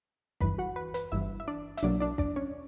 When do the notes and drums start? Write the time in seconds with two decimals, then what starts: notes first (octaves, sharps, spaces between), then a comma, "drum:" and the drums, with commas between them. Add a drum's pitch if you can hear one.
0.40 G1 G2 E3 B4 B5, drum: kick
0.58 F#4 F#5
0.76 B4
0.94 B4, drum: hi-hat
1.12 G1 G2 E3 E4 E5
1.40 E5
1.48 D4 D5
1.77 E5, drum: hi-hat
1.83 B1 B2 F#3 A#3 D4 D5
2.00 D4 D5
2.18 D4 D5, drum: kick
2.36 C#4 C#5